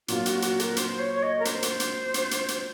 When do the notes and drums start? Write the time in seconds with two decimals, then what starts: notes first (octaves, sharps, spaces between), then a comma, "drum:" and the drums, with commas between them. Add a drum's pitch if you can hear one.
0.08 A#2 F#3 A#3 F4, drum: hi-hat
0.26 F#4, drum: hi-hat
0.42 F#4, drum: hi-hat
0.60 A#4, drum: hi-hat
0.77 C5, drum: hi-hat
0.99 C#5
1.13 C#5
1.23 D#5
1.39 A#4
1.45 C5, drum: hi-hat
1.63 drum: hi-hat
1.80 drum: hi-hat
2.14 drum: hi-hat
2.31 drum: hi-hat
2.48 drum: hi-hat